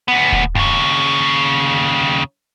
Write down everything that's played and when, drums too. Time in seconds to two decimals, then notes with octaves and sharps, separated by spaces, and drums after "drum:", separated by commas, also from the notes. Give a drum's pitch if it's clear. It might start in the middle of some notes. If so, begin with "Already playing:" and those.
0.08 D2 B3
0.32 drum: kick D#1
0.55 D#2 C#3, drum: tom F#2